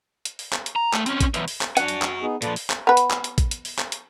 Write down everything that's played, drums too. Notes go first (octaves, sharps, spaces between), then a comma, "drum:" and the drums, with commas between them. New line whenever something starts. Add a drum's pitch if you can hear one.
drum: hi-hat
drum: open hi-hat
drum: clap
drum: hi-hat
A#5
A3, drum: clap
C4 C#4, drum: hi-hat
drum: kick A1, hi-hat
B1 E2, drum: hi-hat
drum: open hi-hat
drum: clap
D4 F#4 F#5 G#5, drum: hi-hat
drum: hi-hat
drum: clap
B3 D#4 G#4
A#2 F3 A4 B4 D5, drum: hi-hat
drum: open hi-hat
drum: clap
B3 B4
drum: hi-hat
drum: clap
drum: hi-hat
drum: kick A1, hi-hat
drum: hi-hat
drum: open hi-hat
drum: clap
drum: hi-hat